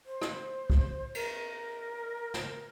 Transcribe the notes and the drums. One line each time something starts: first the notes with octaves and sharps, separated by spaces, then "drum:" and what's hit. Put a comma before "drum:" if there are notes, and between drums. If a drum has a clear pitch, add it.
C5
drum: rim click
drum: kick
A#4, drum: cymbal
drum: snare